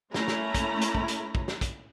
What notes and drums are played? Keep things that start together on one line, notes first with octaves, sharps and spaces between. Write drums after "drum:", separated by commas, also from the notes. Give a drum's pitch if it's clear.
A3 A#3 C#4 E4 A#5 B5, drum: snare
drum: snare
drum: kick, hi-hat
drum: hi-hat
drum: kick
drum: hi-hat
drum: kick
drum: snare
drum: kick, hi-hat